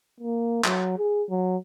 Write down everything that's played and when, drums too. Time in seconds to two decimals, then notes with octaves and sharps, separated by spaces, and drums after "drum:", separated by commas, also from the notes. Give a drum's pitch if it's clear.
0.20 A#3
0.64 F#3, drum: clap
0.98 G#4
1.29 F#3